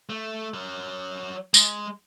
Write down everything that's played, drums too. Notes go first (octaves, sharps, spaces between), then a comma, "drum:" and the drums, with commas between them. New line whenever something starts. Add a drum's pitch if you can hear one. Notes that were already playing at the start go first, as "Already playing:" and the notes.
A3
F#3 A#4
G#3, drum: tambourine